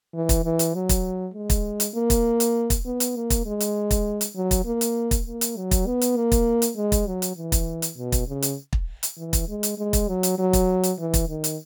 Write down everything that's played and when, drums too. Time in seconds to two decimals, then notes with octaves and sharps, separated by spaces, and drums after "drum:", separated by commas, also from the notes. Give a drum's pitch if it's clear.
0.14 E3
0.29 drum: kick, hi-hat
0.44 E3
0.59 drum: hi-hat
0.74 F#3
0.89 drum: kick, hi-hat
1.34 G#3
1.50 drum: kick, hi-hat
1.80 drum: hi-hat
1.94 A#3
2.10 drum: kick, hi-hat
2.40 drum: hi-hat
2.70 drum: kick, hi-hat
2.85 B3
3.00 drum: hi-hat
3.16 A#3
3.30 drum: kick, hi-hat
3.46 G#3
3.60 drum: hi-hat
3.91 drum: kick, hi-hat
4.21 drum: hi-hat
4.36 F#3
4.51 drum: kick, hi-hat
4.65 A#3
4.81 drum: hi-hat
5.11 drum: kick, hi-hat
5.26 A#3
5.41 drum: hi-hat
5.57 F#3
5.71 drum: kick, hi-hat
5.86 B3
6.01 drum: hi-hat
6.17 A#3
6.32 drum: kick, hi-hat
6.62 drum: hi-hat
6.77 G#3
6.92 drum: kick, hi-hat
7.07 F#3
7.22 drum: hi-hat
7.37 E3
7.52 drum: kick, hi-hat
7.82 drum: hi-hat
7.97 B2
8.12 drum: kick, hi-hat
8.28 C#3
8.42 drum: hi-hat
8.73 drum: kick
9.03 drum: hi-hat
9.17 E3
9.33 drum: kick, hi-hat
9.49 G#3
9.63 drum: hi-hat
9.78 G#3
9.93 drum: kick, hi-hat
10.08 F#3
10.23 drum: hi-hat
10.38 F#3
10.53 drum: kick, hi-hat
10.83 drum: hi-hat
10.99 E3
11.14 drum: kick, hi-hat
11.29 D#3
11.44 drum: hi-hat